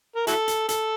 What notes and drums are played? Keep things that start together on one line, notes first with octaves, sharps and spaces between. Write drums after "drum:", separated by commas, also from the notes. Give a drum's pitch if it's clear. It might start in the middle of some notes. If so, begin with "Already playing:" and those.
A#4
E4 F#4 A4, drum: hi-hat
drum: hi-hat
A4, drum: hi-hat